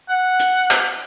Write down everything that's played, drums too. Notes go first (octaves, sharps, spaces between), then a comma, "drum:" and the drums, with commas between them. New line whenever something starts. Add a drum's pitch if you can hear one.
F#5
drum: hi-hat
drum: clap